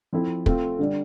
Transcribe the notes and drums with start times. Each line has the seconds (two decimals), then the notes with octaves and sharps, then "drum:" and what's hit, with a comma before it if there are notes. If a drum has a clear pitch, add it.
0.13 F3 C4 E4 A4
0.46 A3 C4 F4, drum: kick
0.79 D3 G3 D4